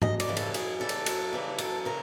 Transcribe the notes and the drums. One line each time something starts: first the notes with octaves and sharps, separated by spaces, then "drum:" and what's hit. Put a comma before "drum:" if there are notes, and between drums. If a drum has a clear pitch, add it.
F#2 D#5, drum: tom G#2
D5, drum: cymbal
C#3 E3 G3
A4, drum: cymbal
F#2 G#4, drum: cymbal
C#3 E3 G3 A4
drum: cymbal
F#2, drum: cymbal
C#3 E3 G3
F#2 A4, drum: cymbal
C#3 E3 A#4